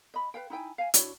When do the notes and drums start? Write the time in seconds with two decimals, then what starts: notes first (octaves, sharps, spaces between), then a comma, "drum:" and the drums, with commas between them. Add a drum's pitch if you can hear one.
0.14 D#5 B5
0.34 B4 F5 G5
0.50 D#4 E4 G5 G#5
0.78 F5 G#5
0.94 D4 E4 F#4 C#5, drum: hi-hat